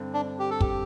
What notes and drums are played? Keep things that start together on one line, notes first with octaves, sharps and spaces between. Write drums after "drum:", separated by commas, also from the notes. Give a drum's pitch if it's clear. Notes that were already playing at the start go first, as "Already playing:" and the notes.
Already playing: G2 D3 C4
D4
G4
A4
G4, drum: kick